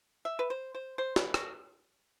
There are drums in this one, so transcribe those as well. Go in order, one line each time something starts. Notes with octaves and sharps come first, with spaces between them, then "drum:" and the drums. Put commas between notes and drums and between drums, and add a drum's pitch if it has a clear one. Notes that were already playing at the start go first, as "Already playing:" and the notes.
E5
B4
C5
C5
C5
B4, drum: snare
F#4, drum: rim click